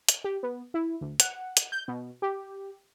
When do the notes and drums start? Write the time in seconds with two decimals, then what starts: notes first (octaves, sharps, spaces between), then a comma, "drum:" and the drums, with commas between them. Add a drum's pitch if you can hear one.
0.09 drum: hi-hat
0.24 G4
0.43 B3
0.74 E4
1.01 D2
1.20 F#5, drum: hi-hat
1.57 drum: hi-hat
1.72 G6
1.88 B2
2.22 G4